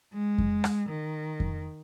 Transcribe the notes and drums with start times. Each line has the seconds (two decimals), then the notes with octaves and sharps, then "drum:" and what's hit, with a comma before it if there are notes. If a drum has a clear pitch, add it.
0.13 G#3
0.38 drum: kick F2
0.64 drum: rim click
0.89 D#3
1.40 drum: kick F2